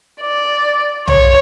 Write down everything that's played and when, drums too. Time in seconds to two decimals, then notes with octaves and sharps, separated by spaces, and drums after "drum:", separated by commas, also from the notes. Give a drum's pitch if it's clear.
0.21 D5
1.08 C#5, drum: tom B1